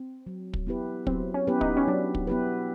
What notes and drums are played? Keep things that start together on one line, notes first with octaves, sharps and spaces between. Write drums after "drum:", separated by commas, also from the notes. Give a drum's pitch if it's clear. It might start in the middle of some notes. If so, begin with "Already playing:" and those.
Already playing: C4
F#3
drum: kick
B3 E4 G4 B4
F#3 C4, drum: kick
C#4
B3 E4 G4 B4
D#4, drum: kick
C#4
F#3 D4
drum: kick
B3 E4 G4 B4